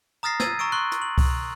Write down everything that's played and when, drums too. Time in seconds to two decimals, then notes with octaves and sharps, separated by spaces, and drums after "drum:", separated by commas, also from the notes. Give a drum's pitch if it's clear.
0.23 A#5 D#6 F6 A6 A#6 C7
0.40 E6 G#6 A6 D#7, drum: snare
0.59 A#5 C#6 E6 D7
0.72 C6 C#6 F#6
0.92 drum: hi-hat
1.02 F#7
1.18 drum: kick C2, open hi-hat